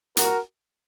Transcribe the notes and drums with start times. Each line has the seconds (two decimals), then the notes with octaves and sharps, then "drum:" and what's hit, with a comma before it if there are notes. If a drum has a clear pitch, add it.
0.17 C2 A#2 F#4 A#4, drum: hi-hat